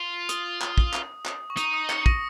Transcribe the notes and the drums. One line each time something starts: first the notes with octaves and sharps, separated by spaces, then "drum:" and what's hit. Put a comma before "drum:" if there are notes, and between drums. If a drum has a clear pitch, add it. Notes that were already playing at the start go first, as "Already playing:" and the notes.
Already playing: F4
D#6, drum: hi-hat
drum: clap
drum: kick
drum: clap
drum: clap
C#6
D#4 D#6, drum: hi-hat
D#6
C#7, drum: clap
A#6, drum: kick